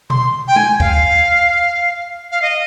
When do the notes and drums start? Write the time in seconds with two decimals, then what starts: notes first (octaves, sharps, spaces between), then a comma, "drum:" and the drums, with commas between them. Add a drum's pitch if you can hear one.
0.10 C6, drum: tom B2
0.47 G5
0.56 G#5, drum: tom
0.80 F5, drum: kick
2.31 F5
2.42 D#5